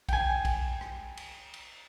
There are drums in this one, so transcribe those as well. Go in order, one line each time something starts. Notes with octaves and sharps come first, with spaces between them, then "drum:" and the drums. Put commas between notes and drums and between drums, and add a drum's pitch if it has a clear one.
G5 G#5, drum: kick, cymbal
drum: kick, cymbal
drum: rim click
drum: cymbal
drum: cymbal